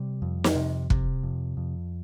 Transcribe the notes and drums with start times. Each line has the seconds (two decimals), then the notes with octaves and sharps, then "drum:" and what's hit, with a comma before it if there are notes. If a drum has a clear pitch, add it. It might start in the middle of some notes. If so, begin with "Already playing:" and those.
Already playing: C3 G3
0.22 F2
0.44 drum: snare
0.55 C3
0.90 C3, drum: kick
1.23 F2
1.57 F2